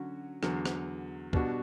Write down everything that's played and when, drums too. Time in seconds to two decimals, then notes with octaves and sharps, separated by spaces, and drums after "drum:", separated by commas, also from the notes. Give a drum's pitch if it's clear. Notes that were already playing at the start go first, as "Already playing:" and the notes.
Already playing: D3 F#3 C#4 F#4
0.43 E2 D3 F#3, drum: rim click
0.66 drum: rim click
1.33 B2 G3 D4 F#4, drum: kick